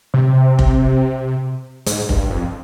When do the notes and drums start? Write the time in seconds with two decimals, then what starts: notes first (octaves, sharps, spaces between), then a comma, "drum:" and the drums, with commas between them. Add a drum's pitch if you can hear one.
0.14 C3
0.59 drum: kick F1
1.86 G#2, drum: hi-hat
2.09 G2, drum: kick F1
2.30 F2